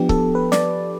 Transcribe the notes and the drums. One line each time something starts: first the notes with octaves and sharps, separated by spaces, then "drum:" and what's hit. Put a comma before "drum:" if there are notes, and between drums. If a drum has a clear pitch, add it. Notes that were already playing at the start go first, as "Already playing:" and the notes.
Already playing: F3 B3 D4 G4
A4, drum: kick C#1
B4
D5, drum: snare